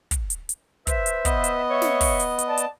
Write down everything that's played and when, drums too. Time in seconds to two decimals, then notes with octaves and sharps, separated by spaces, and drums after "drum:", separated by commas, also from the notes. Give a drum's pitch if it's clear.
0.11 drum: kick, hi-hat
0.30 drum: hi-hat
0.49 drum: hi-hat
0.87 B4 C5 E5, drum: kick, hi-hat
1.06 drum: hi-hat
1.25 B3 D#5, drum: kick, hi-hat
1.44 drum: hi-hat
1.69 C#5 E5 C#6
1.82 drum: snare
2.01 drum: kick, open hi-hat
2.20 drum: hi-hat
2.39 drum: hi-hat
2.48 D5 A5
2.57 drum: hi-hat